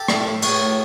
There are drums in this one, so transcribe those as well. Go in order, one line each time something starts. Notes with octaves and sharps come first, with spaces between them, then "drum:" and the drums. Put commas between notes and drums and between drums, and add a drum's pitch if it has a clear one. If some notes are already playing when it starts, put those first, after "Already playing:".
Already playing: G4 A4
A2, drum: rim click
A2
A2 F#4 G#4, drum: cymbal
A2